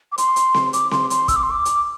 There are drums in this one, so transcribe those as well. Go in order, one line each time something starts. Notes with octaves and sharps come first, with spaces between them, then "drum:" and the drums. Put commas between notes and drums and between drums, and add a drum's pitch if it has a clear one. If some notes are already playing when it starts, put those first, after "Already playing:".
D6
C6, drum: hi-hat
drum: hi-hat
drum: snare C4
D6, drum: hi-hat
C6, drum: snare C4
C6, drum: hi-hat
E6, drum: kick, hi-hat
D6
C6
D6
drum: hi-hat